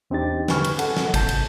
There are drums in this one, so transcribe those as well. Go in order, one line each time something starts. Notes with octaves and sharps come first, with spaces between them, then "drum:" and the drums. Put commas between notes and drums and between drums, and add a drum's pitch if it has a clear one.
E2 C4 D4 D#4 G4 A6
D3 B4 G#5 C#6 F6, drum: snare
drum: cymbal
A4 F#5, drum: cymbal
drum: snare
A5 G6, drum: kick, cymbal
drum: cymbal